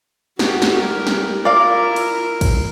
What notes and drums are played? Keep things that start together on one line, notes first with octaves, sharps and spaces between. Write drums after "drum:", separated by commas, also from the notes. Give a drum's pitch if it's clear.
F#4 G4, drum: snare
drum: snare
G3 G4 A#4
drum: snare
E4 F4 A#4 D5 F5
drum: cymbal
drum: kick, cymbal